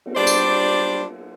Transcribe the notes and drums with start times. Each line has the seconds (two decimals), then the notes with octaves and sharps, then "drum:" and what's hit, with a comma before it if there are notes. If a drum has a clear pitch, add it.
0.06 drum: cymbal
0.15 G3 D4 C5 D5
0.27 drum: tambourine